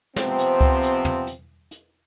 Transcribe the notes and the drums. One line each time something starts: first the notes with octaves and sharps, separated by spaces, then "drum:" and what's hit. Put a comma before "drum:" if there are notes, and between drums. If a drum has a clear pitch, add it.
C3 F3 B3 C4, drum: snare
drum: hi-hat
drum: kick C#2
drum: hi-hat
drum: tom
drum: hi-hat
drum: hi-hat